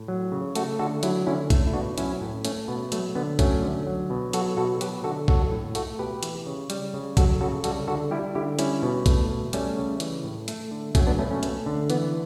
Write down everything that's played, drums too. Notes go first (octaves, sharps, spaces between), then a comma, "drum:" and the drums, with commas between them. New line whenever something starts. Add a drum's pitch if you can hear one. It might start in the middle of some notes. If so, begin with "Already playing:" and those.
Already playing: A2
F#3
C#3
A3 F#4 A4, drum: hi-hat
D3 F#4 A4
F#3 E4 G4, drum: hi-hat
D3 C#4 E4
A3, drum: kick B1, hi-hat
E4
B2 D4 F#4
F#3 C#4 E4, drum: hi-hat
A2
A3 C#4, drum: hi-hat
B2 B3
F#3 A3, drum: hi-hat
D3 B3
F#3 A3 C#4, drum: kick B1, hi-hat
D3
F#3
B2
F#3 F#4 A4, drum: hi-hat
B2 F#4 A4
F#3 G4 B4, drum: hi-hat
D3 F#4 A4
F#3 F#4 A4, drum: kick B1
A2
A3 F#4 A4, drum: hi-hat
B2 G4 B4
E3, drum: hi-hat
C#3
G3, drum: hi-hat
C#3
F#3 F#4 A4, drum: kick B1, hi-hat
C#3 F#4 A4
G3 F#4 A4, drum: hi-hat
D3 F#4 A4
G3 E4 G4
D3 E4 G4
G3 C#4 E4, drum: hi-hat
B2
A3, drum: kick B1, hi-hat
B2
G3 A3 C#4, drum: hi-hat
C#3
E3, drum: hi-hat
A2
A3, drum: hi-hat
D3
F#3 A3 C#4, drum: kick B1, hi-hat
B3 D4
B2 A3 C#4
A3 C#4
A3, drum: hi-hat
D3
E3 B3, drum: hi-hat